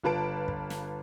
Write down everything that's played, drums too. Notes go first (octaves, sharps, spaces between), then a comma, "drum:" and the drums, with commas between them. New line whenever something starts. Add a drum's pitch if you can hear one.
G1 F4 B4 A5 D7
drum: kick
drum: snare